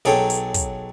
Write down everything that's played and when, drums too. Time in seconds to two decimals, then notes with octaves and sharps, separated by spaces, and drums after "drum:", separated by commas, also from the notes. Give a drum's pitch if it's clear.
0.05 B1 F#3 G#4 A4 C#5 G5, drum: snare
0.30 drum: hi-hat
0.54 drum: kick, hi-hat